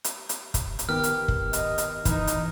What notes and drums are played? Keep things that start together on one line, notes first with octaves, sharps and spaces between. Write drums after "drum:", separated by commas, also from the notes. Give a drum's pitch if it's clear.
drum: hi-hat
drum: hi-hat
drum: kick, hi-hat
drum: hi-hat
D#3 B3 G4 A#4 F6
drum: hi-hat
drum: kick
D#5, drum: hi-hat
drum: hi-hat
E3 D#4, drum: kick, hi-hat
drum: hi-hat